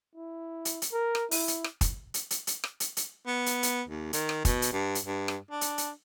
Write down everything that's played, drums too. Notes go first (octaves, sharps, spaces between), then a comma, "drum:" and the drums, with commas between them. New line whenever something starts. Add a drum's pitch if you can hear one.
E4
drum: hi-hat
drum: hi-hat
A#4
drum: rim click
E4, drum: open hi-hat
drum: hi-hat
drum: rim click
drum: kick, hi-hat
drum: hi-hat
drum: hi-hat
drum: hi-hat
drum: rim click
drum: hi-hat
drum: hi-hat
B3
drum: hi-hat
drum: hi-hat
D#2
D#3, drum: hi-hat
drum: rim click
B2, drum: kick, hi-hat
drum: hi-hat
G2
drum: hi-hat
G2
drum: rim click
D4
drum: hi-hat
drum: hi-hat